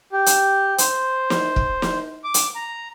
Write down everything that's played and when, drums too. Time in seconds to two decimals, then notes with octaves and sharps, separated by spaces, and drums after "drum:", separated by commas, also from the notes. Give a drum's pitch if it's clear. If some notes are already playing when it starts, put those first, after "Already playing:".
0.12 G4
0.26 drum: hi-hat
0.78 C5, drum: hi-hat
1.30 drum: snare
1.56 drum: kick
1.82 drum: snare
2.24 D6
2.34 drum: hi-hat
2.56 A#5